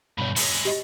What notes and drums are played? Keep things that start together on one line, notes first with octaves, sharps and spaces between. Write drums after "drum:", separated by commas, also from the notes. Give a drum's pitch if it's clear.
G2 B2 C#5 B5
G#3 E4, drum: open hi-hat
G4 D#5